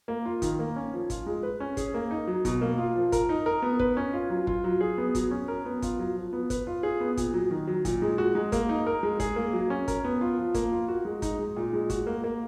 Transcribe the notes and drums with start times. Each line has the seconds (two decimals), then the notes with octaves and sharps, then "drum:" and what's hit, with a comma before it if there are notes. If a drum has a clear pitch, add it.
0.08 A#3
0.25 F4
0.42 D#3, drum: kick G1, hi-hat
0.59 A#3
0.76 C#4
0.93 F3
1.10 F4, drum: kick G1, hi-hat
1.27 G#3
1.43 B4
1.60 C#4
1.77 G#4, drum: kick G1, hi-hat
1.94 A#3
2.11 D#4
2.27 F#3
2.45 B2, drum: kick G1, hi-hat
2.61 A#3
2.78 F4
2.96 F3
3.12 A#4, drum: kick G1, hi-hat
3.29 D#4
3.46 A#4
3.62 B3
3.79 B4, drum: kick G1
3.97 C#4
4.13 F4
4.30 F#3
4.47 F4, drum: kick G1
4.64 F#3
4.81 G#4
4.98 B3
5.15 F#3, drum: kick G1, hi-hat
5.31 C#4
5.48 A#4
5.66 B3
5.82 F4, drum: kick G1, hi-hat
5.99 F#3
6.16 F3
6.33 B3
6.50 B4, drum: kick G1, hi-hat
6.67 F4
6.83 G#4
7.00 B3
7.17 A#2, drum: kick G1, hi-hat
7.34 F#3
7.51 D#3
7.67 F#3
7.85 A#2, drum: kick G1, hi-hat
8.02 G#3
8.18 F#4
8.35 G#3
8.52 A#3, drum: kick G1, hi-hat
8.69 D#4
8.87 A#4
9.03 G#3
9.20 G#4, drum: kick G1, hi-hat
9.36 A#3
9.53 F#3
9.70 C#4
9.88 A#4, drum: kick G1, hi-hat
10.04 B3
10.21 F4
10.38 F3
10.54 A#3, drum: kick G1, hi-hat
10.72 F4
10.88 F#4
11.05 G#3
11.22 D#4, drum: kick G1, hi-hat
11.39 G#3
11.56 A#2
11.73 G#3
11.90 F#4, drum: kick G1, hi-hat
12.06 A#3
12.24 A#3